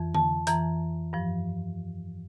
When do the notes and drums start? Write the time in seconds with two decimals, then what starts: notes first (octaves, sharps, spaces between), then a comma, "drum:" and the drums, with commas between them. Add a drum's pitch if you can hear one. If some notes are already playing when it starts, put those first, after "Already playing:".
Already playing: F2 E3
0.15 A5, drum: tom D3
0.47 F2 E3 A#5, drum: hi-hat
1.13 G2 F3